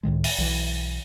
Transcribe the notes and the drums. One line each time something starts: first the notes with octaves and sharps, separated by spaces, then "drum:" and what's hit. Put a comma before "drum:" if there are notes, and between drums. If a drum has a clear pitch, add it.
C#2 A2 D#3 G#3
drum: open hi-hat
B1 E3